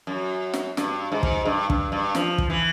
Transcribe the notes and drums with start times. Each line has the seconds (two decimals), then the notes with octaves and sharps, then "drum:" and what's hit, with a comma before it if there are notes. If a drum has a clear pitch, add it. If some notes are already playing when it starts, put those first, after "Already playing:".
0.07 F#2
0.54 drum: snare
0.77 G2, drum: snare
1.12 G#2
1.23 drum: kick
1.45 G2
1.70 G2, drum: kick
1.92 G2
2.15 F3, drum: snare
2.38 drum: kick
2.50 E3